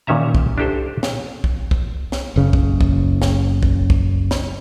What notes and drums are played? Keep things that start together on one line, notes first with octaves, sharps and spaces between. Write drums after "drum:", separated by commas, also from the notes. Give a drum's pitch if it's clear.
A#2 D#3 C#4 E5 A#5
drum: kick
D4 E4 G4 A4 C5
drum: snare
drum: kick
drum: kick
drum: snare
F#1 C#3
drum: kick
drum: kick
drum: snare
drum: kick
drum: kick
drum: snare